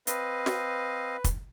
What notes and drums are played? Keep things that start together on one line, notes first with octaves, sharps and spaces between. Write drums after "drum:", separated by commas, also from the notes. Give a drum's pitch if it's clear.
C4 B4 D#5 F5, drum: hi-hat
drum: snare
drum: kick, hi-hat